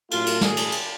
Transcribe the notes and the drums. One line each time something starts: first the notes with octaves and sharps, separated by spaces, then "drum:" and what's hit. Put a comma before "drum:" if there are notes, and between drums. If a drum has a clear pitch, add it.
A2 F#3 A3 F4, drum: cymbal
drum: cymbal
G#4, drum: snare
drum: cymbal
drum: cymbal